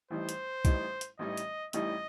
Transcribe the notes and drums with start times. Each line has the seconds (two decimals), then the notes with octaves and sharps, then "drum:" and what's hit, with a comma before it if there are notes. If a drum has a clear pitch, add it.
0.10 A1 A2 E3 G3 D#4 C5
0.29 drum: hi-hat
0.65 A1 A2 E3 G3 D#4, drum: kick B1, hi-hat
1.01 drum: hi-hat
1.19 A1 A2 E3 G3 D#4 D#5
1.37 drum: hi-hat
1.73 A1 A2 E3 G3 D#4 D#5, drum: hi-hat